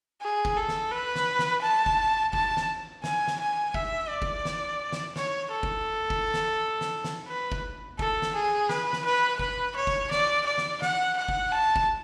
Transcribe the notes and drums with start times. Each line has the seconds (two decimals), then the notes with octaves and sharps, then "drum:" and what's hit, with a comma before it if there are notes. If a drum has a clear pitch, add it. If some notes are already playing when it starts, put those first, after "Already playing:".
0.22 G#4
0.45 drum: kick
0.57 A4
0.68 drum: snare
0.91 B4
1.16 drum: snare
1.39 drum: snare
1.62 A5
1.86 drum: kick
2.33 A5, drum: kick
2.57 drum: snare
3.04 G#5, drum: snare
3.28 drum: snare
3.40 G#5
3.74 E5, drum: kick
4.09 D5
4.22 drum: kick
4.45 drum: snare
4.92 drum: snare
5.16 C#5, drum: snare
5.51 A4
5.63 drum: kick
6.10 drum: kick
6.34 drum: snare
6.81 drum: snare
7.04 drum: snare
7.28 B4
7.52 drum: kick
7.99 A4, drum: kick
8.22 drum: snare
8.35 G#4
8.69 B4, drum: snare
8.93 drum: snare
9.05 B4
9.39 B4, drum: kick
9.76 C#5
9.87 drum: kick
10.11 D5, drum: snare
10.46 D5
10.58 drum: snare
10.82 F#5, drum: snare
11.17 F#5
11.29 drum: kick
11.52 A5
11.76 drum: kick